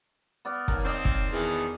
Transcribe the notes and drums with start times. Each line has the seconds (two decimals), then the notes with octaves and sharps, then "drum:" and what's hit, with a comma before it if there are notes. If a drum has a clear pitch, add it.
0.45 B3 D5 F5
0.68 D#2 A#4, drum: kick
0.85 C4 D5 D#5
1.05 drum: kick
1.31 E2 B2 D#3